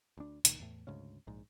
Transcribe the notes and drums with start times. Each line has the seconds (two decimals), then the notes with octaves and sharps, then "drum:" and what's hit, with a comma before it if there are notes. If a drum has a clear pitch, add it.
0.18 D2 D4
0.45 C#2 A#2 D#3, drum: hi-hat
0.58 A1 E2 A2
0.87 D2 G#2 C#3 C#4
1.27 A#1 G#2